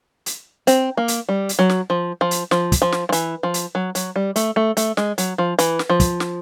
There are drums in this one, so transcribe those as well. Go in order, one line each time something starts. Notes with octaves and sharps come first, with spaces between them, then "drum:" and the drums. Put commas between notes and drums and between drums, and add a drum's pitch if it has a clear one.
drum: hi-hat
C4, drum: hi-hat
A#3
drum: hi-hat
G3
drum: hi-hat
F#3
drum: snare
F3
F3
drum: hi-hat
F3, drum: snare
drum: kick, hi-hat
F3
drum: snare
F3
E3, drum: hi-hat
F3
drum: hi-hat
F#3
F#3, drum: hi-hat
G3
A3, drum: hi-hat
A3
A3, drum: hi-hat
G#3, drum: snare
F#3, drum: hi-hat
F3
E3, drum: hi-hat
drum: snare
F3
drum: kick, hi-hat
drum: snare